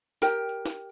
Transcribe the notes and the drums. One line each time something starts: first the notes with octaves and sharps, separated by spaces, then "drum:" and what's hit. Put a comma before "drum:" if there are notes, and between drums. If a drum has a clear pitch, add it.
G4 A#4 G5, drum: snare
drum: tambourine
drum: snare